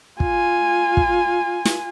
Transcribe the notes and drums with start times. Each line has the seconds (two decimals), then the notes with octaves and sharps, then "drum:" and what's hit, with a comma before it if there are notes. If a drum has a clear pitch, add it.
0.20 F4 G#5, drum: kick
0.97 drum: kick
1.65 drum: snare